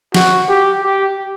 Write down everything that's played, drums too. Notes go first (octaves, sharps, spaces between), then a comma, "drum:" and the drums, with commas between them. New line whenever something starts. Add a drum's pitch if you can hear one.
F#4, drum: snare
G4
G4